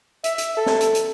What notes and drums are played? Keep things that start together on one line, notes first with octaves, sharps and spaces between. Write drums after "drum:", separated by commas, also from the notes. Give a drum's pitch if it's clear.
E5, drum: hi-hat
drum: hi-hat
A4
drum: snare
drum: hi-hat
drum: hi-hat